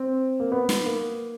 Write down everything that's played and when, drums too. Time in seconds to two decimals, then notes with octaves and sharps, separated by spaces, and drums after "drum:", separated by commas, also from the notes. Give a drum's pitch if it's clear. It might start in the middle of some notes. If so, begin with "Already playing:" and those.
Already playing: C4
0.40 A#3
0.52 B3
0.69 drum: snare
0.85 A#3